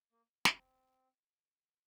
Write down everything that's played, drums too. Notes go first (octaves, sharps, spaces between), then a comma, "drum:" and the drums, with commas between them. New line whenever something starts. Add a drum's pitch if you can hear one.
A#3
C4, drum: snare